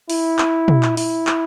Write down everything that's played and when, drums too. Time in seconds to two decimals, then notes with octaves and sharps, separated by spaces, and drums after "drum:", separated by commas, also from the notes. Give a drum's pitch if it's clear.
0.10 E4, drum: open hi-hat
0.39 drum: clap
0.68 drum: tom
0.83 drum: clap
0.97 E4, drum: open hi-hat
1.27 drum: clap